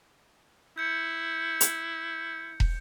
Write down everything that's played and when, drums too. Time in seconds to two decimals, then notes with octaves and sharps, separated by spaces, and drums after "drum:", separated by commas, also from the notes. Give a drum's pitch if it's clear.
0.78 E4 G6 C#7
1.61 drum: hi-hat
2.60 drum: kick